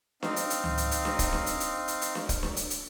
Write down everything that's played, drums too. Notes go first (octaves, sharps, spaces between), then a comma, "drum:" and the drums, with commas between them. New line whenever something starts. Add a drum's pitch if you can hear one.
C4 D#4 F5, drum: snare D4
drum: hi-hat
drum: hi-hat
drum: tom C#2
drum: hi-hat
drum: hi-hat
drum: snare D4
drum: kick, hi-hat
drum: snare D4
drum: hi-hat
drum: hi-hat
drum: hi-hat
drum: hi-hat
drum: snare D4
drum: kick, hi-hat
drum: snare D4
drum: hi-hat
drum: hi-hat